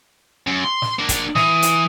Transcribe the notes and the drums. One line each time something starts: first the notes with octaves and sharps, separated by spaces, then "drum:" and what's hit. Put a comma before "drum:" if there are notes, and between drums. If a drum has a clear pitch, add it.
F#2
C6
drum: snare
A#3 D4
drum: kick, hi-hat
E3 D#6, drum: snare
drum: hi-hat